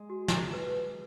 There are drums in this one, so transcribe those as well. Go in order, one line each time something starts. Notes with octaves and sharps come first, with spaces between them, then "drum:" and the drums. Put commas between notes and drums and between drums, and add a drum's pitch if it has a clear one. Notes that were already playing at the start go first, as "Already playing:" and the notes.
Already playing: G#3
F#4
drum: snare
B4